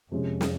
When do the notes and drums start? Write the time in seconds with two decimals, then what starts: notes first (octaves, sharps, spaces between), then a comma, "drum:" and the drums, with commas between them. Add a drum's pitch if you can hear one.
0.12 F2 C3 F3 G#3 C#4
0.41 drum: snare